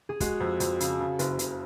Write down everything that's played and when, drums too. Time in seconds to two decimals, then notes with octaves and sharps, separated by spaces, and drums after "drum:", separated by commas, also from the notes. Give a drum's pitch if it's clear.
0.09 G#4
0.20 G#3 F#4, drum: kick, hi-hat
0.40 F2
0.60 F2, drum: hi-hat
0.80 C#3, drum: hi-hat
1.00 C#3
1.19 F#1, drum: hi-hat
1.39 F#1, drum: hi-hat